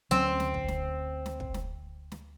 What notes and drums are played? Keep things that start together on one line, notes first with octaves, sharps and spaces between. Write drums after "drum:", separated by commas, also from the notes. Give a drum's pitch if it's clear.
D2 F#3 C4 C#4
drum: snare
drum: kick
drum: snare
drum: snare
drum: kick
drum: snare
drum: snare